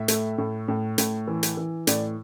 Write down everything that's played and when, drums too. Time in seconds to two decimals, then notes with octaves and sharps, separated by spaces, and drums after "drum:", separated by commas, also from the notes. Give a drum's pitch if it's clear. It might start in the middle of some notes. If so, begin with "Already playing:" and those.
Already playing: A2 E5
0.08 A3, drum: hi-hat
0.38 A2
0.68 A2
0.98 A2, drum: hi-hat
1.28 E3
1.43 drum: hi-hat
1.57 E3
1.87 A2 D5, drum: hi-hat